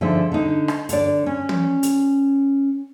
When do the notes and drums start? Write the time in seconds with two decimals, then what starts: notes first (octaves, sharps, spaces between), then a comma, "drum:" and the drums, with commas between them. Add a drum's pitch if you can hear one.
0.01 D3 F3 G#3 D#4 E5
0.32 D3 D#4
0.68 drum: rim click
0.89 D3 D5, drum: hi-hat
1.26 C#4
1.49 drum: tom
1.83 drum: hi-hat